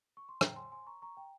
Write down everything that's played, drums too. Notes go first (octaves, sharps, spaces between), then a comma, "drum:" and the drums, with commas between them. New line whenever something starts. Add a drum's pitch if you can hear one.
C#6
C6
G5 A#5, drum: rim click
G#5 C6
G#5 C6
A#5 C#6
A#5 C#6
G5 A#5